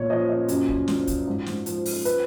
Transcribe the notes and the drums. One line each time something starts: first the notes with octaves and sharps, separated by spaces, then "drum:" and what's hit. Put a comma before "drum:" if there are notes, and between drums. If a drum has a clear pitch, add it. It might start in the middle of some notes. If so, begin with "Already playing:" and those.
Already playing: A#2 C#5
F3 D#5
D#5
F#2, drum: hi-hat
drum: kick
F3, drum: snare
drum: kick, hi-hat
G#2
drum: snare
F3, drum: hi-hat
drum: open hi-hat
B4, drum: hi-hat